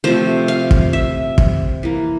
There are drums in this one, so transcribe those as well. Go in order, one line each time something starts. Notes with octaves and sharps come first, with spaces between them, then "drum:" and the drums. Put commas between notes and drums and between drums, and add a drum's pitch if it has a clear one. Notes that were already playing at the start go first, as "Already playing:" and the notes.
C3 F3 A3 C5
F5
drum: kick
E5
drum: kick
E3 A#3